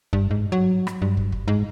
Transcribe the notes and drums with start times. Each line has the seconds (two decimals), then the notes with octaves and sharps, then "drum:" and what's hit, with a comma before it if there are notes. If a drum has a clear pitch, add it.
0.13 G2, drum: kick
0.31 G#2
0.52 F#3
0.87 drum: rim click
1.02 G2
1.17 drum: kick
1.32 drum: kick
1.48 G#2